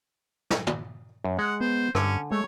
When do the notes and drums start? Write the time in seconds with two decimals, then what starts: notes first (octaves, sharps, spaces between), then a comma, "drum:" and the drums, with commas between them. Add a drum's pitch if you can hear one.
0.50 drum: snare
0.67 drum: tom
1.24 F#2
1.39 G#3 F#5
1.61 B3 C5
1.95 G2 D3 C#4 G#5, drum: rim click
2.32 G#3 A3 C#5